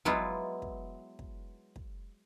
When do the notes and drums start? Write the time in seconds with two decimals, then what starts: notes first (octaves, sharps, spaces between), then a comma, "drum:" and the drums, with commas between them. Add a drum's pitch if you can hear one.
0.05 F#3 G#3 B3 E4 F4, drum: kick
0.62 drum: kick
1.19 drum: kick
1.76 drum: kick